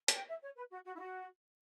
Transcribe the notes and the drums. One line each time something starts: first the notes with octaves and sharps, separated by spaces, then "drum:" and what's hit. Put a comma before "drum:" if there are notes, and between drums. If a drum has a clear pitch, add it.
A5, drum: hi-hat
G5
E5
C#5
B4
F#4
F#4
E4
F#4